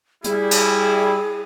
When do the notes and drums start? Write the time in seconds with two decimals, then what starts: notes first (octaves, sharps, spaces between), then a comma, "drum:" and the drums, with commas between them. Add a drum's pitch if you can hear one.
0.24 G3 E4 G#4, drum: hi-hat
0.51 drum: cymbal